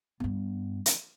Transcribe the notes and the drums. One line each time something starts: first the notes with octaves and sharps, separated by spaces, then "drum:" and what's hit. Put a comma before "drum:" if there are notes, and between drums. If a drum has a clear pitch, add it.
G2 B3
drum: hi-hat